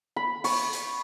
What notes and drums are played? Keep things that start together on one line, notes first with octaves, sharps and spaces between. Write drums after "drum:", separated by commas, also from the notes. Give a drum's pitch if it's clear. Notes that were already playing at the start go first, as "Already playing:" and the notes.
B5
C#6, drum: open hi-hat
drum: hi-hat